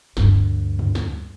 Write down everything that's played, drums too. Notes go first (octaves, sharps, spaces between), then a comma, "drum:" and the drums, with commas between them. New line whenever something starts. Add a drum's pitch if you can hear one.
D2 G2, drum: snare
drum: tom
drum: snare